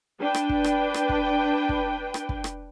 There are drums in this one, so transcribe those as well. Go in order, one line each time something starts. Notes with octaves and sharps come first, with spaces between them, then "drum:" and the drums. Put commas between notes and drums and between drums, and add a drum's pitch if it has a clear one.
D4 B4 G5
drum: rim click
drum: kick
drum: rim click
drum: rim click
drum: kick
drum: kick
drum: rim click
drum: kick
drum: rim click